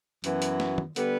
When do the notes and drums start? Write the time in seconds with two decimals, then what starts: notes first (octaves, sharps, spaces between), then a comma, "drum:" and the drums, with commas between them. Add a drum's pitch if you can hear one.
0.24 F#2 E3 B3 F#4 B4, drum: hi-hat
0.42 drum: hi-hat
0.60 drum: snare
0.78 drum: tom
0.96 D3 G3 B3, drum: hi-hat